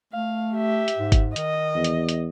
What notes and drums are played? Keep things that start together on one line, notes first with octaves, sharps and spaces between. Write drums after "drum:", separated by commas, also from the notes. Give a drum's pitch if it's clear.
A3 F5
G4 E5
drum: hi-hat
G#2
drum: kick G1, hi-hat
D#3 D#5, drum: hi-hat
E2
drum: hi-hat
drum: hi-hat